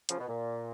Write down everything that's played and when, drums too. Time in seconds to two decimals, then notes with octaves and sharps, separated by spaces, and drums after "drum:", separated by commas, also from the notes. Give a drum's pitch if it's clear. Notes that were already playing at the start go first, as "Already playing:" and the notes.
0.09 C#3 F3, drum: hi-hat
0.18 B2
0.27 A#2